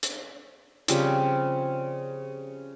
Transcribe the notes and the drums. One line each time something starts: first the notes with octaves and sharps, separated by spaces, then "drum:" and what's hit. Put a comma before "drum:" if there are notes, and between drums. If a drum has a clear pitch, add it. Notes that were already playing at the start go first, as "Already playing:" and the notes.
drum: hi-hat
C#3 F3 G3 C4, drum: hi-hat